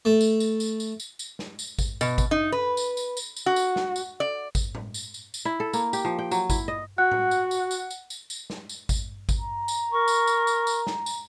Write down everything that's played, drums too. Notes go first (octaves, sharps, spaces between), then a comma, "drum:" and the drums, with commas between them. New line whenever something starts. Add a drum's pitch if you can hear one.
A3
drum: tambourine
drum: tambourine
drum: tambourine
drum: tambourine
drum: tambourine
drum: tambourine
drum: snare
drum: tambourine
drum: kick G#1, tambourine
B2, drum: tambourine
drum: kick G#1, tambourine
D#4
B4
drum: tambourine
drum: tambourine
drum: tambourine
drum: tambourine
F#4
drum: tambourine
drum: snare
drum: tambourine
D5
drum: kick G#1, tambourine
drum: tom A2
drum: tambourine
drum: tambourine
drum: tambourine
E4
A4
A#3, drum: tambourine
G4, drum: tambourine
F3
G5
F#3, drum: tambourine
E4, drum: kick G#1, tambourine
D#5
F#4 F#5 F#6
drum: tom A2
drum: tambourine
drum: tambourine
drum: tambourine
drum: tambourine
drum: tambourine
drum: tambourine
drum: snare
drum: tambourine
drum: kick G#1, tambourine
drum: kick G#1, tambourine
A#5
drum: tambourine
A#4 C#6
drum: tambourine
drum: tambourine
drum: tambourine
drum: tambourine
drum: snare
drum: tambourine